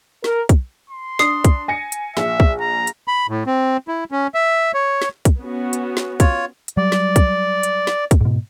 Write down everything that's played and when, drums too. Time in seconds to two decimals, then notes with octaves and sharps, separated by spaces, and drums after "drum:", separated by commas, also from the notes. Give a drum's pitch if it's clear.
0.24 A#4, drum: snare
0.49 drum: kick, hi-hat
0.90 C6
1.19 D4 D#6 C7, drum: snare
1.44 drum: kick, hi-hat
1.68 G#5 A#6 C#7
1.92 drum: hi-hat
2.17 A#1 E5, drum: snare
2.40 drum: kick
2.60 A#5
2.87 drum: hi-hat
3.08 B5
3.29 A2
3.47 C4
3.88 E4
4.11 C#4
4.34 E5
4.74 C#5
5.02 drum: snare
5.25 drum: kick, hi-hat
5.40 B3 C#4 F#4
5.73 drum: hi-hat
5.97 drum: snare
6.20 F4 C#5, drum: kick, hi-hat
6.68 drum: hi-hat
6.77 F#3 G3 D5
6.92 drum: snare
7.16 drum: kick, hi-hat
7.63 drum: hi-hat
7.87 drum: snare
8.11 drum: kick, hi-hat
8.21 G#2 B2